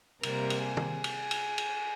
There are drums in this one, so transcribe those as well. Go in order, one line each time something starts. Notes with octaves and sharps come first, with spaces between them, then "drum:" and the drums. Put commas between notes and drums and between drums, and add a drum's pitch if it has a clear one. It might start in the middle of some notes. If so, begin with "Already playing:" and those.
C3 G3 A#3 A#4, drum: cymbal
drum: cymbal
G#4
drum: tom
drum: cymbal
drum: cymbal
drum: cymbal